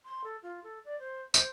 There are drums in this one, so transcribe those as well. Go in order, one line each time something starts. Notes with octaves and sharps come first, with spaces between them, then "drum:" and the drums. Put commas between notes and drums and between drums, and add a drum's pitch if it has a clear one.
C6
A4
F4
A4
D5
C5
C5, drum: tambourine